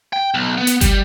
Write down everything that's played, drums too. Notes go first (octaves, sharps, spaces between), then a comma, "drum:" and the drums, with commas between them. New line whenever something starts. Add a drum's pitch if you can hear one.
G5
B1
B3
drum: hi-hat
G3, drum: kick, hi-hat